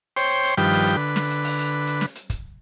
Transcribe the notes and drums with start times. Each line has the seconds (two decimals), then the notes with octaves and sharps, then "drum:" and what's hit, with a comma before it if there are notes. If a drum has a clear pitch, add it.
0.16 C5 C#5 G5 C6, drum: hi-hat
0.31 drum: hi-hat
0.45 drum: hi-hat
0.57 G2 D#3 F3 G3 B4 G5, drum: hi-hat
0.73 drum: hi-hat
0.88 drum: hi-hat
0.97 D3 B4
1.16 drum: snare
1.30 drum: hi-hat
1.44 drum: open hi-hat
1.59 drum: hi-hat
1.87 drum: hi-hat
2.01 drum: snare
2.15 drum: hi-hat
2.30 drum: kick, hi-hat